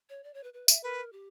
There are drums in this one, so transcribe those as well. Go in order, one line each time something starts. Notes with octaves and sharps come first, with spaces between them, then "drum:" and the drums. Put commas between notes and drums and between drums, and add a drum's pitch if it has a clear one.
C#5
D5
C#5
B4
B4
E5, drum: tambourine
A#4 B4
G4